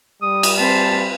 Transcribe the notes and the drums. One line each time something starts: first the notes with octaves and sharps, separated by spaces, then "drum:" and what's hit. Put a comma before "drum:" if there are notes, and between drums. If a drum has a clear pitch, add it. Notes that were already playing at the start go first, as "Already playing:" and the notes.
G3 D#6
drum: cymbal
C4 B4 A5